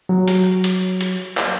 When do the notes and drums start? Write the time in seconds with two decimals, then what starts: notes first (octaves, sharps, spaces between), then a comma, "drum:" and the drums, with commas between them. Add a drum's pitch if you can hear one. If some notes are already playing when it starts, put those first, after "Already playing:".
0.09 F#3
0.28 drum: hi-hat
0.64 drum: hi-hat
1.01 drum: hi-hat
1.37 drum: clap